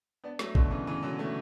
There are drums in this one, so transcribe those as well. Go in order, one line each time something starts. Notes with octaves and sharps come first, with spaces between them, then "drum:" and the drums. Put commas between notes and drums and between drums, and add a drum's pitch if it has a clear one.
B3 D4
F#3 A3, drum: snare
B2 D3, drum: kick
C#3 E3
C#3 E3
D3 F#3
F#3 A3